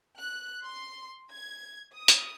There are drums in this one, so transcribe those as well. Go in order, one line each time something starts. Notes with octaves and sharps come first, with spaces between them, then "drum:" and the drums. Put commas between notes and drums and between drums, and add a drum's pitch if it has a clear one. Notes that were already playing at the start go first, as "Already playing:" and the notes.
F#6
C6
G#6
D#6
drum: hi-hat